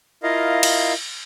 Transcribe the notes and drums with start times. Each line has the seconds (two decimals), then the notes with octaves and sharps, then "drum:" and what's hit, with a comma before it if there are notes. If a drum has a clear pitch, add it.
0.23 E4 F4 A#4 D#5 F5
0.63 drum: cymbal